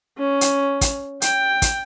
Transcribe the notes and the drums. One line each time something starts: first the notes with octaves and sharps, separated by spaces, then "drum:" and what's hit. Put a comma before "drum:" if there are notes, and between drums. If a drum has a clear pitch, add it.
C#4
drum: hi-hat
drum: kick, hi-hat
G5, drum: hi-hat
drum: kick, hi-hat